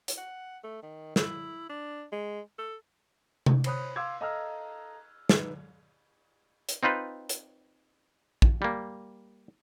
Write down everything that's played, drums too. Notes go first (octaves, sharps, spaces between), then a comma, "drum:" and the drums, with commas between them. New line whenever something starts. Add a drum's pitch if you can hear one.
drum: hi-hat
F#5
A3
D#3
E4, drum: snare
D4
G#3
A4
drum: tom C3
C5 C#5 B5 D#6 F#6, drum: cymbal
F5 C6 D6 E6 G#6
A4 D#5 F5 A#5 E6 F6
D#4 B4, drum: snare
drum: hi-hat
C4 D#4 F4 B4 C5
drum: hi-hat
drum: kick
G3 A#3